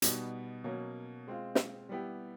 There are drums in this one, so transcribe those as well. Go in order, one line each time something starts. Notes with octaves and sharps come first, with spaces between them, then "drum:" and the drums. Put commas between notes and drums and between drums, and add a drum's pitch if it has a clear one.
B2 G3 B3 D#4, drum: hi-hat
B2 F#3 A#3 C#4
G#3 C4 F4
drum: snare
G3 B3 E4 G4